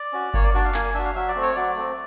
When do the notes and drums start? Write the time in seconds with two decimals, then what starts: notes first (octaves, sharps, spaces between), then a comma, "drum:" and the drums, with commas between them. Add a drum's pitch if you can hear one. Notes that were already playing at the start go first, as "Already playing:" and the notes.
Already playing: D5
0.13 C#4 F#4
0.34 A#3 C#5, drum: kick G1
0.44 D5
0.54 D4 F#4 D5
0.64 F5
0.74 A#3 G#5, drum: clap
0.85 G#5
0.94 D4 F#4 E5
1.05 F5
1.15 F#3 E5
1.28 D5
1.35 A3 C4
1.42 C#5
1.56 F#3 D5
1.76 A3 C4